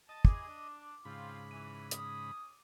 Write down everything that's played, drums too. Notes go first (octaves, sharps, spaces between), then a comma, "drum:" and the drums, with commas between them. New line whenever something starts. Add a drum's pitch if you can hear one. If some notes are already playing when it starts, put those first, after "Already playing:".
D#5 A5
F#3 E4 G#4 D6, drum: kick
D4
G#2 C#3 C4 F4 B5
E3 D#7
C#4 D#6, drum: hi-hat